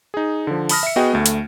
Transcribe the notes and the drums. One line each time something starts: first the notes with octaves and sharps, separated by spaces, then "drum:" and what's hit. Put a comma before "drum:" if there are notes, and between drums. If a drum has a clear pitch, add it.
D#4 G#4
D3 F3
A5 B5 D#6 F6 A#6, drum: open hi-hat
E5 C#7
B3 F#4 G#4 D#5 G5
D2 A3
drum: hi-hat